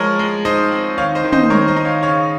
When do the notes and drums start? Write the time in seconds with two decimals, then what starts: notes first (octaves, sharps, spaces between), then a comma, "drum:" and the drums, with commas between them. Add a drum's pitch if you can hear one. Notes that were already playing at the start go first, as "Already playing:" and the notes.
Already playing: F3 G#3 A#4 C#5
0.19 G#3
0.45 D#4 C5 D#5
0.72 C4
0.98 D#3 C#5 F5
1.15 C5 D#5
1.24 D#3
1.32 C5 D#5, drum: tom
1.50 D#3 A#4 C#5
1.68 C5 D#5
1.76 D#4
1.85 C#5 F5
2.03 C#3 C#5 F5